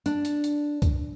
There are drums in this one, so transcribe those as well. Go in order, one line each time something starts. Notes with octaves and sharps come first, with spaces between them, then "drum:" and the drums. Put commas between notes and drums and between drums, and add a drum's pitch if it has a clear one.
D4, drum: hi-hat
drum: hi-hat
drum: hi-hat
drum: kick C#2, hi-hat